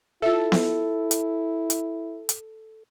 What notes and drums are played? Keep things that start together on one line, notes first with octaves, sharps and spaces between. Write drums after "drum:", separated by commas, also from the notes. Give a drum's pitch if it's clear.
E4 F4 A4 E5
drum: snare B3
drum: hi-hat
drum: hi-hat
drum: hi-hat